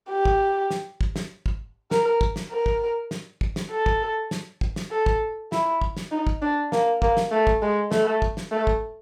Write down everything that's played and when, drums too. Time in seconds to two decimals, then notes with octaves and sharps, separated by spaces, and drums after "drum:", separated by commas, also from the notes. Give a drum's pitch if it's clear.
0.10 G4
0.25 drum: kick
0.71 drum: snare
1.01 drum: kick
1.16 drum: snare
1.46 drum: kick
1.91 A#4, drum: snare
2.21 drum: kick
2.36 drum: snare
2.51 A#4
2.66 drum: kick
3.11 drum: snare
3.41 drum: kick
3.56 drum: snare
3.71 A4
3.86 drum: kick
4.31 drum: snare
4.61 drum: kick
4.76 drum: snare
4.91 A4
5.06 drum: kick
5.52 E4, drum: snare
5.82 drum: kick
5.97 drum: snare
6.11 D#4
6.27 drum: kick
6.42 D4
6.72 A#3, drum: snare
7.02 A#3, drum: kick
7.17 drum: snare
7.31 A3
7.47 drum: kick
7.62 G#3
7.92 A3, drum: snare
8.22 drum: kick
8.37 drum: snare
8.52 A3
8.67 drum: kick